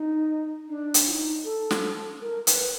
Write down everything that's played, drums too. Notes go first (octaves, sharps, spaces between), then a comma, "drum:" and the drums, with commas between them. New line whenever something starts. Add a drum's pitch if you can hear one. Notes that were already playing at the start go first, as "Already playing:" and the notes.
Already playing: D#4
D4
drum: hi-hat
F4
D#4
A4
drum: snare
A#4
B4, drum: hi-hat